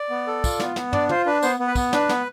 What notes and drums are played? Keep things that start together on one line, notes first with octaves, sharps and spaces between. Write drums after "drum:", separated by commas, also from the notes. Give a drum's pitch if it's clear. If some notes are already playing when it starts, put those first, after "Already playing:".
Already playing: D5
B3
A4
F4, drum: kick, tambourine
B3, drum: snare
B3, drum: snare
D4 D5, drum: tom
F4 C5, drum: tom
D4 B4
B3 C5, drum: tambourine
B3
B4
B3, drum: kick, tambourine
D4 B4, drum: snare
B3, drum: snare